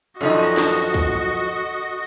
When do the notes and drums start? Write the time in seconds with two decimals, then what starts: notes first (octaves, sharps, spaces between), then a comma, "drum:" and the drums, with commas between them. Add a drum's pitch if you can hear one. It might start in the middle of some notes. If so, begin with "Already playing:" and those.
0.21 F#2 D3 D#3 F3 D#4 F#4 D#5
0.57 drum: snare
0.94 drum: kick